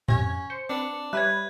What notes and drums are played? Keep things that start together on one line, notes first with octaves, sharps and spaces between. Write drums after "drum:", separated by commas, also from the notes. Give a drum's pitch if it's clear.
F2 C3 C#4 G#6, drum: tom G#2
C5 C#7
C4 D4 B4
G3 B4 C#5 E5 B5 F#6 G#6